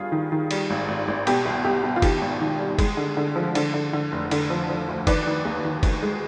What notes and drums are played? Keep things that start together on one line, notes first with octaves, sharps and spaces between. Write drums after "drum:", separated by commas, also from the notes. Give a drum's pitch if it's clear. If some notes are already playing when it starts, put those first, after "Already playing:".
Already playing: G1 G2 F4 G#4
D#3
D#3
G3, drum: cymbal
G#1
G#1
G#1
B2 G4, drum: cymbal
C2
C2 G4
B2
F4
D#3 G4, drum: kick F#1, cymbal
G#1
D#3
G3
G#3, drum: kick F#1, cymbal
D3
D3
F3
D3, drum: cymbal
D3
D3
F1
D3, drum: cymbal
F3
F3
D2
D#3 B4 D5, drum: kick F#1, cymbal
D#3
D#2
D#3
D2, drum: kick F#1, cymbal
G#3